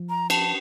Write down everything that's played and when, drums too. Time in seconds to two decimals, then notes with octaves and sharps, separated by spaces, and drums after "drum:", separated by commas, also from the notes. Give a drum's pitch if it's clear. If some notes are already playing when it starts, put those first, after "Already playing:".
Already playing: F3
0.10 A#5
0.30 A5, drum: cymbal